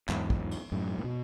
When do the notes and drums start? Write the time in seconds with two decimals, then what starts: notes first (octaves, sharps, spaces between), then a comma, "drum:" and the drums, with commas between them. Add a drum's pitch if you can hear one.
0.09 E2 G#2, drum: clap
0.30 drum: kick
0.51 drum: cymbal
0.72 F#2 A2
0.98 A2
1.04 B2